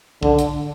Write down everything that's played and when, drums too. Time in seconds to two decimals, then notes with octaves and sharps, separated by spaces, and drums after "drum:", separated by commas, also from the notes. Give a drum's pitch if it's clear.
0.23 D3, drum: kick
0.39 drum: hi-hat